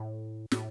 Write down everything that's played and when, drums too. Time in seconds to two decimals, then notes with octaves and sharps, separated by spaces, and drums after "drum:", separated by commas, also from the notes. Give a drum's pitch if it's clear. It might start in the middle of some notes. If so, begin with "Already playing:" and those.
Already playing: A2
0.52 A2, drum: snare